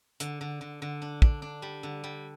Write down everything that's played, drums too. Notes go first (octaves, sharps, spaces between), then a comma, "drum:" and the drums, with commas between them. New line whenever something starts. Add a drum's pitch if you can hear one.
D3, drum: hi-hat
D3
D3
D3
D4
D4, drum: kick
D4
G3
D3
G3